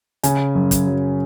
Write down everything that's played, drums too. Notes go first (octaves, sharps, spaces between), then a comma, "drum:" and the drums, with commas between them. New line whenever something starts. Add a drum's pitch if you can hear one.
C#3 G#5, drum: hi-hat
F#2
drum: kick, hi-hat
F#3